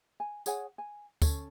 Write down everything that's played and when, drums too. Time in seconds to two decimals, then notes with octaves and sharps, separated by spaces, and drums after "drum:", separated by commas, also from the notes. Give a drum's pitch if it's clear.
0.20 G#5
0.46 G#4 C#5 F#5 G#5, drum: tambourine
0.78 G#5
1.22 C#4 A4 C#5, drum: kick, tambourine